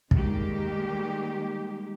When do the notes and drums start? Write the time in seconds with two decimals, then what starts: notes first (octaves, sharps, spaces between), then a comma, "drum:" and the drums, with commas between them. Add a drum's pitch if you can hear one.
0.11 D#3 G3 G#3 A#3 G4, drum: kick